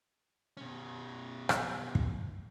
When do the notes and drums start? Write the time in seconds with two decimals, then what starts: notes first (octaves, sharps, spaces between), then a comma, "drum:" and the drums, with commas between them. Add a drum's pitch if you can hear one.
0.57 B2 C#4
1.49 drum: rim click
1.95 drum: kick